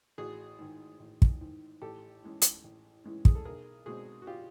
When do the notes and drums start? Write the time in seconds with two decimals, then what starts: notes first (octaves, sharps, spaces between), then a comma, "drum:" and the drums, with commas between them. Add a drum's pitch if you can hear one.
0.18 A1 F#4 G#4
0.59 G#2 D#3
1.00 A1
1.22 drum: kick
1.41 G#2 D#3
1.82 A1 G4 A4
2.23 A2 E3 G#3 C#4
2.42 drum: hi-hat
2.64 A1
3.04 A2 E3 G#3 C#4
3.25 G#4, drum: kick
3.35 A4
3.45 B1 G#4 A#4
3.86 B2 G#3 C4 F#4 G#4
4.22 F#4
4.27 F4 G4